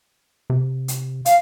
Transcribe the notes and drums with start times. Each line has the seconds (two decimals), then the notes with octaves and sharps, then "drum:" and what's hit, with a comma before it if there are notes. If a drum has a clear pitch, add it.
0.50 C3
0.88 drum: hi-hat
1.25 F5, drum: hi-hat